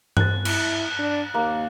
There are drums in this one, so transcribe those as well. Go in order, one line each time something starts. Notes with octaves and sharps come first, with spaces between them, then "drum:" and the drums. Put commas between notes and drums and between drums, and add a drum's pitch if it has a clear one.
F#6 A6, drum: tom G2
E4, drum: cymbal
D4
D#2 A#3